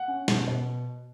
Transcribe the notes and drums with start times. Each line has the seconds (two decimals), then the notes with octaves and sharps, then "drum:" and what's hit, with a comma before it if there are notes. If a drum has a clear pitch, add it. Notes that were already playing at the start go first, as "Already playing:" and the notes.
Already playing: F#5
0.08 C#4
0.28 B2, drum: snare
0.47 B2